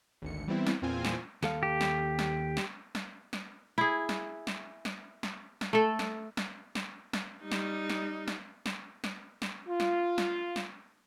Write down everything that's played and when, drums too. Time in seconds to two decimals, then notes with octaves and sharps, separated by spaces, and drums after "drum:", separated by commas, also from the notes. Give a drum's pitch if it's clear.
0.22 G#1 D2 C#7
0.47 E3 G3 B3 C4 E4
0.67 drum: snare
0.82 E2 A#2 C4 F4 G#5
1.05 drum: snare
1.43 D#2 A4 F5, drum: snare
1.63 G4
1.81 drum: snare
2.19 drum: snare
2.57 drum: snare
2.95 drum: snare
3.33 drum: snare
3.78 E4 G#4
4.09 drum: snare
4.47 drum: snare
4.85 drum: snare
5.23 drum: snare
5.61 drum: snare
5.73 A3 A4
5.99 drum: snare
6.37 drum: snare
6.75 drum: snare
7.13 drum: snare
7.42 G3 D#4
7.51 drum: snare
7.90 drum: snare
8.28 drum: snare
8.66 drum: snare
9.04 drum: snare
9.42 drum: snare
9.67 F4
9.80 drum: snare
10.18 drum: snare
10.56 drum: snare